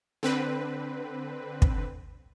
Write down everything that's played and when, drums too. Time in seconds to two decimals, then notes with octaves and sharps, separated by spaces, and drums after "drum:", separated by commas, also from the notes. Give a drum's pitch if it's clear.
0.23 D3 C4 B4
1.62 drum: kick